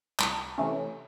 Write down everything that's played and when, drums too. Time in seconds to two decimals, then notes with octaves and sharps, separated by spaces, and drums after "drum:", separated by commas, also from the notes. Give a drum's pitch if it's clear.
0.19 C2, drum: clap
0.58 C3 E3 A3 C#4